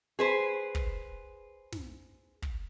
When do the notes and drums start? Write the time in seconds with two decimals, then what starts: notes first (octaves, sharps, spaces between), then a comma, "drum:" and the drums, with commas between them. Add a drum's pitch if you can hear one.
0.19 G#4 B4 C5
0.75 drum: kick
1.72 drum: snare
2.42 drum: kick